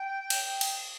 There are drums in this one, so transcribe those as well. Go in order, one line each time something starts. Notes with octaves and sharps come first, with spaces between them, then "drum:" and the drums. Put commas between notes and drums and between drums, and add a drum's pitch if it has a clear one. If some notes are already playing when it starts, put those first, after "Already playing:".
Already playing: G5
drum: cymbal
drum: cymbal